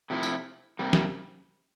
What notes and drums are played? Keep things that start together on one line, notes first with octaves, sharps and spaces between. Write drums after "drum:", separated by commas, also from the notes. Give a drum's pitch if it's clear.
C3 F3 A3 E4
drum: tambourine
C3 G3 A#3
drum: snare